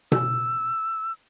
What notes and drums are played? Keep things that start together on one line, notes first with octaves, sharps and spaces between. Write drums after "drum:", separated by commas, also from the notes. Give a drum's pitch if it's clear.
E6, drum: tom B2